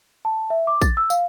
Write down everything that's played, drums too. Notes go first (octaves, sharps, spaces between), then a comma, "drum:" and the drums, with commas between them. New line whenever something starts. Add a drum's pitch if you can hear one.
A5
E5
D6
A6, drum: kick, tambourine
E6
F5, drum: tambourine